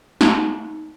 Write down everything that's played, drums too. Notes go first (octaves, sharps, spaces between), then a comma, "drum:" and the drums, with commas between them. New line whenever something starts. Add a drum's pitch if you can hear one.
D#4, drum: snare